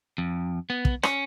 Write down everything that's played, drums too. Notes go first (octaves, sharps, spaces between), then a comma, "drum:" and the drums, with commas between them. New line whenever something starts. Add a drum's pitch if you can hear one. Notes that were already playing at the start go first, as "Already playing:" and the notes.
F2
B3
drum: kick
C#4, drum: rim click